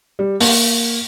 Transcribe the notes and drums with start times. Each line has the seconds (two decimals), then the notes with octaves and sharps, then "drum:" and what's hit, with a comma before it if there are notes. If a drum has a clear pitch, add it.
0.19 G3
0.41 A#3, drum: open hi-hat